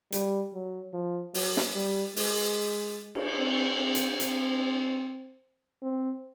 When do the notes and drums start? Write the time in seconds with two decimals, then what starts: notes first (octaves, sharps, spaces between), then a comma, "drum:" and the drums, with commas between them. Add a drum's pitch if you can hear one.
0.12 G3, drum: hi-hat
0.54 F#3
0.93 F3
1.34 F#3, drum: open hi-hat
1.57 drum: snare
1.75 G3
2.16 G#3, drum: open hi-hat
3.15 drum: cymbal
3.39 C4
3.79 C4
3.95 drum: hi-hat
4.20 C4, drum: hi-hat
5.83 C4